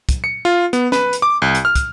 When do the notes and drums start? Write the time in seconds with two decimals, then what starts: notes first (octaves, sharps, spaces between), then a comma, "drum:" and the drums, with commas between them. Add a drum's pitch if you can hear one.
0.09 drum: kick, hi-hat
0.24 C#7
0.45 F4
0.73 B3, drum: hi-hat
0.92 B4, drum: snare
1.13 drum: hi-hat
1.22 D6
1.42 C2
1.55 drum: hi-hat
1.65 F6
1.76 drum: kick, hi-hat